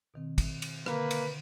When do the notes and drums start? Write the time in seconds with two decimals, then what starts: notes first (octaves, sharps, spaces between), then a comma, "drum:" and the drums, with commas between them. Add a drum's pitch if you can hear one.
0.14 B2 D#3 C4
0.38 drum: kick, cymbal
0.62 drum: cymbal
0.86 D3 A#3 B4, drum: rim click
1.11 drum: cymbal